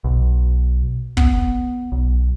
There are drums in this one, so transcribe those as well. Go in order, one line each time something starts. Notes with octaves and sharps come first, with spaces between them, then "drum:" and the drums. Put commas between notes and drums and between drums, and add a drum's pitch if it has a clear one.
B1
B3, drum: kick
B1